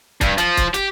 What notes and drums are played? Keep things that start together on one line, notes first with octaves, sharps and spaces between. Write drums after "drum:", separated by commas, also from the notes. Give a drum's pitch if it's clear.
G2, drum: kick C#1, hi-hat
F3, drum: hi-hat
drum: kick C#1, hi-hat
G4, drum: hi-hat